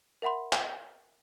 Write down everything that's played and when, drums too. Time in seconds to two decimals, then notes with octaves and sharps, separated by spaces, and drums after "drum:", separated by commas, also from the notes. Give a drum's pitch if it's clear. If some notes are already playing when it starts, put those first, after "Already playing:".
0.22 A#4 E5 F#5 B5 C6
0.53 drum: clap